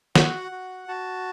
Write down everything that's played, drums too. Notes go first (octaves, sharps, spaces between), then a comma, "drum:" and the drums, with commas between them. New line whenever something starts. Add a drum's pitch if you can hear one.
F#4 F#5, drum: snare
F#4
F#4 A5